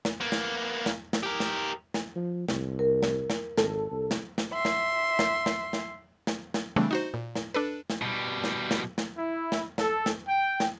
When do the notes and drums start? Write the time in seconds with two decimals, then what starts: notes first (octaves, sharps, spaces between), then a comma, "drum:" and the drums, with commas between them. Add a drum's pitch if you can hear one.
0.05 drum: snare
0.20 A#3 B3
0.32 drum: snare
0.86 drum: snare
1.13 drum: snare
1.23 G4 A#4
1.40 drum: snare
1.94 drum: snare
2.16 F3
2.48 C2, drum: snare
2.79 A#4
3.03 drum: snare
3.30 drum: snare
3.58 G#1 A4, drum: snare
3.91 C2
4.11 drum: snare
4.38 drum: snare
4.53 E5 C6
4.65 drum: snare
5.19 drum: snare
5.46 drum: snare
5.73 drum: snare
6.27 drum: snare
6.54 drum: snare
6.76 C#3 E3 G3 A3 C4 D4
6.91 D#4 F#4 C5
7.14 A#2
7.35 drum: snare
7.54 D4 A4 B4
7.90 drum: snare
8.02 B2 G3
8.44 drum: snare
8.71 drum: snare
8.98 drum: snare
9.17 E4
9.52 drum: snare
9.78 A4, drum: snare
10.06 drum: snare
10.27 G5
10.60 drum: snare